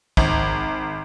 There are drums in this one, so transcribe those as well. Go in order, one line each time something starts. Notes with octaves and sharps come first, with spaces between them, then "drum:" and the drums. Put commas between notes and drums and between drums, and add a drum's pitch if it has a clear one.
G#1, drum: kick